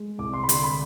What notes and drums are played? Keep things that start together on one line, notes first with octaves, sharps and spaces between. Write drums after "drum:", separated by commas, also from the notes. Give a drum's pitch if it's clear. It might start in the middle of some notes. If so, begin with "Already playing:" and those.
Already playing: G#3
C2 D6
C6
B5
D3 C6, drum: hi-hat
B5